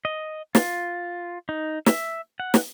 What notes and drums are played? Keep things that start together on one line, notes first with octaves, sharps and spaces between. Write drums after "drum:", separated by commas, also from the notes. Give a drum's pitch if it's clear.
D#5
F4, drum: snare
D#4
E5, drum: snare
F#5
drum: snare